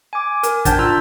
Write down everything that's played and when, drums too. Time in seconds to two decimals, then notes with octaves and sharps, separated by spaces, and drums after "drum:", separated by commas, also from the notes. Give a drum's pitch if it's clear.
0.13 G#5 D6
0.43 A#4, drum: hi-hat
0.65 D4 G5 A5, drum: kick, hi-hat
0.79 F4 A#5 E6